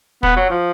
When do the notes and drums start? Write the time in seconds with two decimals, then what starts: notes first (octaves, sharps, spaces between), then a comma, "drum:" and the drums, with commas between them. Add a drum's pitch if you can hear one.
0.23 B3, drum: kick
0.36 F#3
0.50 F3